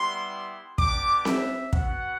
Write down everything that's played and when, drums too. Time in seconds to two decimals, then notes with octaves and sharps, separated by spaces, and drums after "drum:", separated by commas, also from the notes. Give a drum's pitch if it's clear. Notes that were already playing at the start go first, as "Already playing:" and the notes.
Already playing: G3 B3 E4 G4 C6
0.78 B3 D4 G4 D6, drum: kick
1.25 E5, drum: snare C4
1.73 B3 F#4 F#5, drum: kick